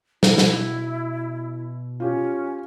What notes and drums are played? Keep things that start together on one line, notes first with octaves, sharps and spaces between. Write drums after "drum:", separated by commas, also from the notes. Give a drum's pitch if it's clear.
B2 E4, drum: snare
drum: snare
C#4 F4 G4